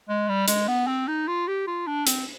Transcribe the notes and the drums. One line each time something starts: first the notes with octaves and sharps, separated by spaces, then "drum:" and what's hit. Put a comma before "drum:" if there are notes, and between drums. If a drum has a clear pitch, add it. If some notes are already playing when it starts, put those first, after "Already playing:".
G#3
G3
G#3, drum: hi-hat
B3
C4
D#4
F4
G4
F4
D4
C4, drum: hi-hat